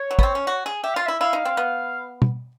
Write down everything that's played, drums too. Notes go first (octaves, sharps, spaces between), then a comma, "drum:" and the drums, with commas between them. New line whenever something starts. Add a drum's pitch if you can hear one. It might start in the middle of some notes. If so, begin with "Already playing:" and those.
Already playing: C#5
F#3
B3, drum: kick
C4
C#4
F#4
G#4
G4 E5
F4 F5
E4 E5
E4 F5
D#4
C4
B3
drum: tom